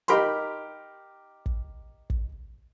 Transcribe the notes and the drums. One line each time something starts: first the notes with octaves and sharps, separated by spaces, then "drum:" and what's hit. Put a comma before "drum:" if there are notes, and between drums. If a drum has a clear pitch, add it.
D#4 G4 A#4 B5 C6, drum: hi-hat
drum: kick
drum: kick